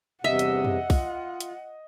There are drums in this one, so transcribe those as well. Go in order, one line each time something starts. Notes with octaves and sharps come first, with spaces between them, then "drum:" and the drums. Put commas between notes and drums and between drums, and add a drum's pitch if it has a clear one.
E2 G2 C3 D#5 E5 F#5
drum: hi-hat
drum: tom F2
F4, drum: kick, open hi-hat
drum: hi-hat